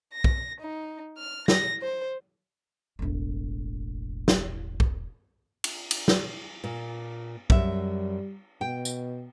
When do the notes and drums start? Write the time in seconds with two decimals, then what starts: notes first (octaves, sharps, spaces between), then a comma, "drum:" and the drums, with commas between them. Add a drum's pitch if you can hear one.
0.13 A#6
0.24 drum: kick B1
0.60 D#4
1.18 F6
1.48 A#6, drum: snare
1.82 C5
2.99 E1 A1
4.28 drum: snare
4.80 drum: kick B1
5.64 drum: cymbal
5.91 drum: cymbal
6.08 drum: snare
6.64 A#2
7.50 F#2 G3 E5, drum: kick B1
8.61 B2 G5
8.85 drum: tambourine